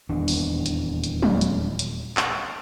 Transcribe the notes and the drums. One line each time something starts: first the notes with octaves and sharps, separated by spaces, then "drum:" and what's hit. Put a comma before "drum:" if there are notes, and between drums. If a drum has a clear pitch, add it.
D#1 E2 D#3 D4
drum: open hi-hat
drum: hi-hat
drum: hi-hat
drum: tom F#3
drum: hi-hat
drum: hi-hat
drum: clap